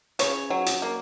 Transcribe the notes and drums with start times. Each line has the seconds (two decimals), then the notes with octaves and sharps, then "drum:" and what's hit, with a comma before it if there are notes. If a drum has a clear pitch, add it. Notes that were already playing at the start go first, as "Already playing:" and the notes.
0.19 C#3 C#5, drum: hi-hat
0.50 F#3
0.66 drum: hi-hat
0.82 A#3